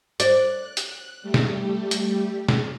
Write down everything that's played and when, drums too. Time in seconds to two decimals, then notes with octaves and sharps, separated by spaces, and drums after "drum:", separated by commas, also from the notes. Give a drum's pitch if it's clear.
0.20 D5 F#6, drum: hi-hat
0.77 drum: hi-hat
1.22 G3 A3 G4
1.34 drum: snare
1.91 drum: hi-hat
2.49 drum: snare